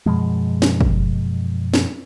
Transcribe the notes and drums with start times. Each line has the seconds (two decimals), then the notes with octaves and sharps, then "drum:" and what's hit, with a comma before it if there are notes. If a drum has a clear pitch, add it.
0.06 F#2 B2 F3 G#3
0.62 drum: snare
0.81 drum: kick
1.74 drum: snare